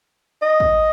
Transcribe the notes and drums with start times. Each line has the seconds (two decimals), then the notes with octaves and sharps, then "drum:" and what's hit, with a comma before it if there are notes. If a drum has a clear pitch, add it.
0.42 D#5
0.60 drum: kick